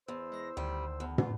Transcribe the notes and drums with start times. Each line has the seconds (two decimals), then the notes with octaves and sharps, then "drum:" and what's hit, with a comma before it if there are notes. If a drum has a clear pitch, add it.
0.08 E2 C5 E6
0.32 G#3 A#6
0.57 D2 D#3 G3
1.00 E2
1.18 A#2 F4, drum: tom